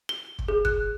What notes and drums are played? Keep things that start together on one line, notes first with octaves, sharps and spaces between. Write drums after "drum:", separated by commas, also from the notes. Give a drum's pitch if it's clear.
G7
drum: kick
G#4
F#6, drum: kick